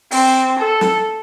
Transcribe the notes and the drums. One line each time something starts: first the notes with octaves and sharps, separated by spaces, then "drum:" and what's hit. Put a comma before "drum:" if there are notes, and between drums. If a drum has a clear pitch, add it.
C4, drum: open hi-hat
A4
drum: snare